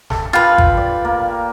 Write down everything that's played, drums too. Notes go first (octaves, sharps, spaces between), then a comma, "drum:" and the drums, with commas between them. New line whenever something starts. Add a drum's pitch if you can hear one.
A4, drum: snare
F4 G4 B4
drum: kick
D5
A#3